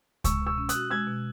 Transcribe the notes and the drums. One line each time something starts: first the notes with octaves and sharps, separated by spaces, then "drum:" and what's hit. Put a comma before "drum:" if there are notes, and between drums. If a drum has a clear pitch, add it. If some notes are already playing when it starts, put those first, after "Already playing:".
G#3 C#6 E6, drum: kick C#2, hi-hat
B2
C#6 E6
C#4
D#6 F#6, drum: hi-hat
F#4
G#3 E6 G#6
B2